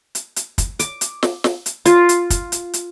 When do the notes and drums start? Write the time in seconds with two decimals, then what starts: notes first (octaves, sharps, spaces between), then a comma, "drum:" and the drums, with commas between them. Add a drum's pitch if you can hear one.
0.15 drum: hi-hat
0.36 drum: hi-hat
0.58 drum: kick, hi-hat
0.79 D6, drum: hi-hat
1.01 drum: hi-hat
1.23 drum: snare
1.44 drum: snare
1.66 drum: hi-hat
1.86 F4, drum: hi-hat
2.09 drum: hi-hat
2.30 drum: kick, hi-hat
2.52 drum: hi-hat
2.73 drum: hi-hat